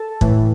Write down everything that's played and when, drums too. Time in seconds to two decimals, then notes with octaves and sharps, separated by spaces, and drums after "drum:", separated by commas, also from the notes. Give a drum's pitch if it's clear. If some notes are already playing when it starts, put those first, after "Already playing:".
Already playing: A4 A5
0.21 A2 E3, drum: kick